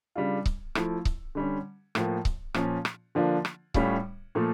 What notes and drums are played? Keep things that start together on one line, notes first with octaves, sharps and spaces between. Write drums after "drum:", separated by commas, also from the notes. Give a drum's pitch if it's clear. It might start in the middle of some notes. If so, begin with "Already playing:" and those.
C#3 G3 D4 F4
drum: kick C#1
F3 A3 E4, drum: rim click
drum: kick C#1
D3 G3 C#4
A2 F3 A#3, drum: rim click
drum: kick C#1
A#2 F3 C#4, drum: rim click
drum: rim click
D3 F3 A#3 D4 F4
drum: rim click
A2 G3 C#4 F4, drum: kick C#1
A#2 F3 A3